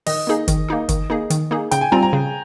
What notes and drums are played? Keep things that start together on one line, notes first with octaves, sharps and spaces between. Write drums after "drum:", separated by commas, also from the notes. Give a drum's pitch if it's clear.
D#3 D#5, drum: open hi-hat
A#3 D#4 G#4
D#3, drum: kick, hi-hat
A#3 D#4 G#4
D#3, drum: kick, hi-hat
A#3 D#4 G#4
D#3, drum: hi-hat
A#3 D#4 G#4
C#3 G5, drum: hi-hat
G#5
G3 C4 F4 A#5
A#5
C#3